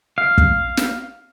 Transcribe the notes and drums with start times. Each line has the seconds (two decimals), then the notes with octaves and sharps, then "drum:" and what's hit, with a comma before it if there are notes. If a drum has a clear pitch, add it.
0.18 F5
0.38 drum: kick
0.77 drum: snare